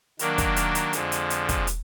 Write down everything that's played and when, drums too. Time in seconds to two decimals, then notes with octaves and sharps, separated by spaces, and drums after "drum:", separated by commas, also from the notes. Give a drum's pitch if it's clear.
0.19 D#3 F#3 A#3 D4, drum: hi-hat
0.38 drum: kick, hi-hat
0.56 drum: hi-hat
0.75 drum: hi-hat
0.93 F2 D3 F3 G#3, drum: hi-hat
1.12 drum: hi-hat
1.30 drum: hi-hat
1.49 drum: kick, hi-hat
1.67 drum: hi-hat